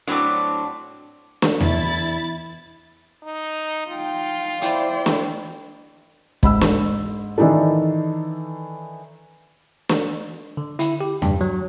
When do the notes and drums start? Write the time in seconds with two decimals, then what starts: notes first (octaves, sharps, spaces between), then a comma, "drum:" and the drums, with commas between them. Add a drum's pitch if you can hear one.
0.07 A2 F#3 C4 D4 D6
1.42 drum: snare
1.60 E2 E4 A6, drum: tom E2
3.23 D#4
3.87 D#4 F4 G5
4.62 E4 C5 D5 G5, drum: hi-hat
5.06 drum: snare
6.43 G#2 B5 E6, drum: kick
6.61 drum: snare
7.38 D#3 E3 D4 D#4 A4
9.89 drum: snare
10.57 D3
10.79 E4, drum: hi-hat
11.01 G4
11.22 G2, drum: tom E2
11.41 F#3